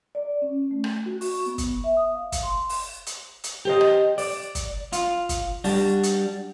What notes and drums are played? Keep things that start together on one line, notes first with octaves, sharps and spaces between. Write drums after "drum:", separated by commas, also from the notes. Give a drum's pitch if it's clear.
D5
C#4
A3
drum: rim click
F#4
C#6, drum: open hi-hat
B3
drum: kick, hi-hat
E5
D#6
F5
drum: kick, hi-hat
C6
drum: open hi-hat
drum: hi-hat
drum: hi-hat
G4 C5 D#5
drum: rim click
D5, drum: open hi-hat
drum: kick, hi-hat
F4, drum: hi-hat
drum: kick, hi-hat
G3 D4 F#4, drum: open hi-hat
drum: hi-hat